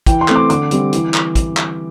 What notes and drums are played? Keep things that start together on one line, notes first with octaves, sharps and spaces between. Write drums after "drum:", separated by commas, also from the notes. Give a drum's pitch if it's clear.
E3 G5, drum: kick, hi-hat
C6
A3 C4, drum: clap
D6
D3 D6, drum: hi-hat
G3 C4, drum: hi-hat
E3, drum: hi-hat
drum: clap
drum: kick, hi-hat
drum: clap